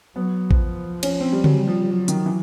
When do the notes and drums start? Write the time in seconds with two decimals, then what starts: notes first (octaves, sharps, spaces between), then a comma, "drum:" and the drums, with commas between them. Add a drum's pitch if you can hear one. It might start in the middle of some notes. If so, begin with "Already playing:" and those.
0.16 F#3 B3
0.51 F3, drum: kick A1
1.03 C#4, drum: cymbal
1.20 C4
1.33 G3
1.44 F#3, drum: tom C#3
1.55 G3
1.67 F3
1.91 F#3
2.08 D#3, drum: hi-hat
2.26 E3